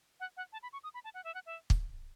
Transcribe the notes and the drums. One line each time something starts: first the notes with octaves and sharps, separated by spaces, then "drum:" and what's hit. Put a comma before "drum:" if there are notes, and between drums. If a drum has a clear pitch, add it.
F#5
F#5
A5
B5
C#6
D#6
B5
A5
F#5
E5
F#5
E5
drum: kick